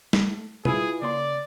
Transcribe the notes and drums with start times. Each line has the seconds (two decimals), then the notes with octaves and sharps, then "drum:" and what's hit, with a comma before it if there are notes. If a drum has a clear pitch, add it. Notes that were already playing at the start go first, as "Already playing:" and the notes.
0.13 A3, drum: snare
0.65 E4 F4 G#4 B4, drum: tom B2
1.02 C#3 A#3 D5 C6